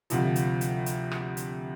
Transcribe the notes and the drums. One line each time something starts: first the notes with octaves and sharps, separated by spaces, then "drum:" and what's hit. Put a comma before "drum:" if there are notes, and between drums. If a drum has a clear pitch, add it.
D2 C3 F3, drum: hi-hat
drum: hi-hat
drum: hi-hat
drum: hi-hat
drum: rim click
drum: hi-hat